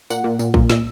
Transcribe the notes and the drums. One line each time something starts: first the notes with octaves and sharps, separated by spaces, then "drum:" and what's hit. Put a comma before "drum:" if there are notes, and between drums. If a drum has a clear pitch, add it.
A#2 F#5, drum: tambourine
A#2
A#2, drum: tambourine
A#2, drum: kick A#1
A#2 E6, drum: snare